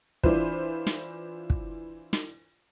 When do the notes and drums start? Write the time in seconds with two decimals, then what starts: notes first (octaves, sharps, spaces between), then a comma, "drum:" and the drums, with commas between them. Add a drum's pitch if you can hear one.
0.23 E3 D4 E4 F4 B4 C5, drum: kick
0.87 drum: snare
1.50 drum: kick
2.13 drum: snare